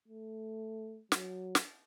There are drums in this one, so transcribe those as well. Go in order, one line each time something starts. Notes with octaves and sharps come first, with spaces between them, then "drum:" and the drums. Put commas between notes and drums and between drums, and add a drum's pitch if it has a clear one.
A3
F#3, drum: snare
drum: snare